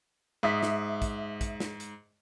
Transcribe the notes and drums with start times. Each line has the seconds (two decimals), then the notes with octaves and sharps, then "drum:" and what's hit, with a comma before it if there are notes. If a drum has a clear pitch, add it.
0.43 G#2 E5 D#6 B6
0.63 drum: snare
1.02 drum: kick, hi-hat
1.41 drum: kick, hi-hat
1.60 drum: snare
1.80 drum: hi-hat